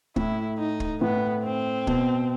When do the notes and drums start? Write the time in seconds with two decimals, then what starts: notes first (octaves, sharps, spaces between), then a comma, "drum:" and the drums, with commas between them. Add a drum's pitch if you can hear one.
0.16 A2 E4, drum: kick
0.59 D#4
0.80 drum: kick
1.01 A2 B3
1.44 C4
1.87 B2, drum: kick